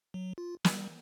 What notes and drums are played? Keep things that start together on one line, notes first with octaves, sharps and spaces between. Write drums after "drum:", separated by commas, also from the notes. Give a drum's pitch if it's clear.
F#3
F4
G3, drum: snare